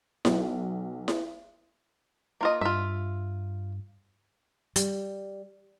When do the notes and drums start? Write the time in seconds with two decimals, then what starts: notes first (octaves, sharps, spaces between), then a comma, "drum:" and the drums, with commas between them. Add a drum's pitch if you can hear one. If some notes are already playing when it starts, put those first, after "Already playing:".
0.25 B1, drum: snare E4
1.08 drum: snare E4
2.41 A#3 F4 D#5
2.61 G2 F4 E5
4.76 G3, drum: hi-hat